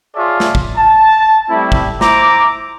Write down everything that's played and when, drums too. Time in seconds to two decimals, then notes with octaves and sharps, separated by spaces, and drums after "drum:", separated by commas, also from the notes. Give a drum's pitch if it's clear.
0.15 F4 G#4 C#5 D5 E5 A5
0.40 drum: snare
0.55 drum: kick
0.77 A5
1.50 G3 A3 C4 E4
1.72 drum: kick
2.01 E4 C5 E5 A#5 D6, drum: snare